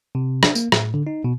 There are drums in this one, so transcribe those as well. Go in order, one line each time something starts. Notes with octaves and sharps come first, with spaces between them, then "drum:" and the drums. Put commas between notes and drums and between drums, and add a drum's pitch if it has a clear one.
C3
D4, drum: rim click
A#3, drum: tambourine
A2, drum: rim click
D3
D#4
B2